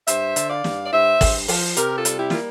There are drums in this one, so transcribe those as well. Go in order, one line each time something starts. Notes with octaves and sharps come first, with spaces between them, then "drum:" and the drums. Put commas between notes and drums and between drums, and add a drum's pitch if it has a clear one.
G2 C5 E5, drum: hi-hat
D3, drum: hi-hat
D5 F5
G2, drum: snare
D5
G2 C5 E5
G2, drum: kick, open hi-hat
F3, drum: open hi-hat
C3 G4 A#4, drum: hi-hat
F4 A4
G3, drum: hi-hat
E4 G4
A#3 F4, drum: snare